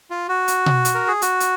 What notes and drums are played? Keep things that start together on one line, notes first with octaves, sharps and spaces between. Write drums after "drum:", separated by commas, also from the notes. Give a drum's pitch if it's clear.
F4
F#4
drum: hi-hat
drum: tom B2
drum: hi-hat
A#4
G#4
F#4, drum: hi-hat
drum: hi-hat